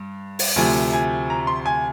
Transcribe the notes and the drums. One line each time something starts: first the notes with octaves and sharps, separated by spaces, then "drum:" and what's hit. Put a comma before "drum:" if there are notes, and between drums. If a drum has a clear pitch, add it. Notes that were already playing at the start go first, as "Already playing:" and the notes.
Already playing: G2
drum: open hi-hat
D2 C3 F3 G#5
G#5
A#5
C6
G#5